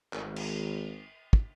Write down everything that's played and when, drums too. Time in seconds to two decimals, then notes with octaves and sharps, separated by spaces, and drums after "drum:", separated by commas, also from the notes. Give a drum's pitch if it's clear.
0.13 G#1, drum: clap
0.36 drum: cymbal
1.33 drum: kick